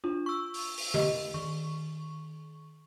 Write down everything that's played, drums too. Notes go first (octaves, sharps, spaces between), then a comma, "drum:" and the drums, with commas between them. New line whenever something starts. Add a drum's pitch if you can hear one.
D4 F4
C#6 E6
drum: open hi-hat
drum: open hi-hat
G4 D#5, drum: tom D3
D#3 C#6